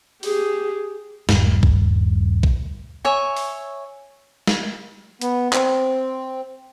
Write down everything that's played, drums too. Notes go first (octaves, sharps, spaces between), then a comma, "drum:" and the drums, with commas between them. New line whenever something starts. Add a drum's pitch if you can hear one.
G4 G#4, drum: open hi-hat
D#1 G2, drum: snare
drum: kick B1
drum: kick B1
C#5 E5 G#5
drum: open hi-hat
drum: snare
B3, drum: hi-hat
C4, drum: clap